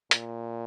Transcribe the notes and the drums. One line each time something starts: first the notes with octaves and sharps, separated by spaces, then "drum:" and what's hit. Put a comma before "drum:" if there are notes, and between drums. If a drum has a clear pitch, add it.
A#2, drum: hi-hat